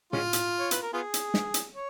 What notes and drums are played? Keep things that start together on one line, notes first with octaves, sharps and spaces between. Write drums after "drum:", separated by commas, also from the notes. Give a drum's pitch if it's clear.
G#3 C#4 F4, drum: tom A2
drum: hi-hat
C#5
B4, drum: hi-hat
A#4
B3 F4 G#4
drum: hi-hat
drum: snare
drum: hi-hat
C#5